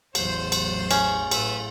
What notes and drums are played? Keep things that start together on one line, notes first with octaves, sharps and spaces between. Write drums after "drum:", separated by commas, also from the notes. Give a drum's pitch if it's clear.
A1 E2 F#3 C5, drum: cymbal
drum: cymbal
C#4, drum: cymbal
A2 B4 E5, drum: cymbal